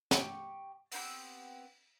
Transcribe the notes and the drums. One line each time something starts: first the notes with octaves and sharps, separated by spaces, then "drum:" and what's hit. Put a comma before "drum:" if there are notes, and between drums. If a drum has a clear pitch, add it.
G4 C#6, drum: snare
B3 C4 E4 G4, drum: open hi-hat